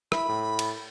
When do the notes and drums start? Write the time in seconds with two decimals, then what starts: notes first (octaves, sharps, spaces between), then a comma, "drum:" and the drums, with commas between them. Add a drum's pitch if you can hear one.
0.12 E4 B5, drum: rim click
0.29 A2
0.59 drum: cymbal